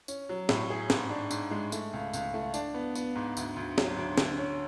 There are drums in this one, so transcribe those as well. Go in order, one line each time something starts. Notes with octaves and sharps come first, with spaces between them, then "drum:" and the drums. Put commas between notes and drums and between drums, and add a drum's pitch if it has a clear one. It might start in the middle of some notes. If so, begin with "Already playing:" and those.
C#4, drum: tambourine
F#3
A2, drum: snare
G#4
G#2, drum: snare
D4
G#2, drum: tambourine
G#3
A3, drum: tambourine
C#2
C#2, drum: tambourine
A3
D4, drum: tambourine
B3
B3, drum: tambourine
G#2
D2, drum: tambourine
D2
F#3, drum: snare
D2
D3, drum: snare
C#4